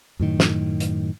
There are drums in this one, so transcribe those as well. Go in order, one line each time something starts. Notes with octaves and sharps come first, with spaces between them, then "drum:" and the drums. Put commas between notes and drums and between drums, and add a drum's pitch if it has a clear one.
F#2 A2 D#3
drum: snare
drum: hi-hat